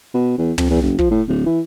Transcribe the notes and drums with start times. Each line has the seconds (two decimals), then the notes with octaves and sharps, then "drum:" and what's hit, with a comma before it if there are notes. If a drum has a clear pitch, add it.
0.14 B2
0.38 E2
0.58 F2, drum: tom
0.70 E2
0.82 F#1
0.98 F3, drum: kick
1.11 A2
1.28 D1
1.46 E3